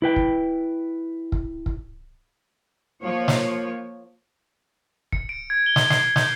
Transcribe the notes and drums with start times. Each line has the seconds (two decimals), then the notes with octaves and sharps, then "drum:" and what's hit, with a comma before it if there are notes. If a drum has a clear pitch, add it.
0.02 E4 B4 G5
0.16 drum: kick
1.32 drum: kick
1.66 drum: kick
3.02 F3 A#3 C#5
3.28 drum: snare
5.12 C#7, drum: kick
5.29 D7
5.50 G#6
5.66 G7
5.76 drum: snare
5.90 C7, drum: snare
6.16 G6, drum: snare